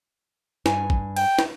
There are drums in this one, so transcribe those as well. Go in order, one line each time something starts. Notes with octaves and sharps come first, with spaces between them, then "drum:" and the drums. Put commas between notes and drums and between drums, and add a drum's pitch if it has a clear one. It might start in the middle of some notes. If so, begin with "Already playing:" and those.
G2 G#5, drum: snare
drum: kick
G5, drum: cymbal
drum: snare